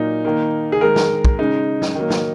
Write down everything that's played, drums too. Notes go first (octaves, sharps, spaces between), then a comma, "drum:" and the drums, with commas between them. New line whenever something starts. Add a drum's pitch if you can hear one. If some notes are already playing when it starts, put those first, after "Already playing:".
Already playing: A#2 F#3 A#3 D#4
D#3 A#3
G#4
D#3 G#3 A#4
drum: snare
drum: kick
C#3 G#3 D#4
drum: snare
D#3 F#3 A#3
drum: snare